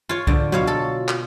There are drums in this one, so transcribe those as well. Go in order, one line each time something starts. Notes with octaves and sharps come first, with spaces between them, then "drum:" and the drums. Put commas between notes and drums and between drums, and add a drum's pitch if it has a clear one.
F4 C#5
D3 C5, drum: kick C2
B2 F#3 F4 C#5 F5
A4
drum: clap